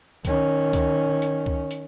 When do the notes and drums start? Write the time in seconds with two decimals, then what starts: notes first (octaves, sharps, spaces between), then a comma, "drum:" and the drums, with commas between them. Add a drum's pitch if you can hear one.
0.25 D#3 C#4, drum: kick C#2, hi-hat
0.73 drum: kick C#2, hi-hat
1.22 drum: hi-hat
1.46 drum: kick C#2
1.71 drum: hi-hat